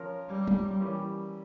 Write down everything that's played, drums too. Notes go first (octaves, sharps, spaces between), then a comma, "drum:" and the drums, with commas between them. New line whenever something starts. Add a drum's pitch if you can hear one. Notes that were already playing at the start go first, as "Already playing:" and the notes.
Already playing: F3 C#4 F4 A#4 C#5
G3
drum: tom F#3
E3 G3 A#3 C#4 G4